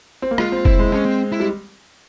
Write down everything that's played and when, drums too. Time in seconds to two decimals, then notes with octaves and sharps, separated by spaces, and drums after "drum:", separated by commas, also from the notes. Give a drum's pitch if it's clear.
0.22 C4
0.31 A#3
0.38 G#3 F4, drum: rim click
0.52 C4
0.65 C4 E4, drum: kick F1
0.79 G#3
0.92 G#3 C#4
1.05 C4
1.32 E4
1.40 G3